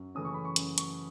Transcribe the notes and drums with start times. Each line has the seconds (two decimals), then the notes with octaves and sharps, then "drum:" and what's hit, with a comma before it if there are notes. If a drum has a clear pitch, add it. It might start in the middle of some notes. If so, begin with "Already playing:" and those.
Already playing: F#2
0.15 C#3 E3 A3 C#4 D#6
0.25 C#6
0.34 B5
0.45 C#6
0.56 F#2, drum: hi-hat
0.78 C#6, drum: hi-hat